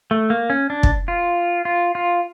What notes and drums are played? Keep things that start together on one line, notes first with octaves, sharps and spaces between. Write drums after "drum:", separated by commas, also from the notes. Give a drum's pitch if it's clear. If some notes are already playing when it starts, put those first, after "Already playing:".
A3
A#3
C#4
D4
drum: kick
F4
F4
F4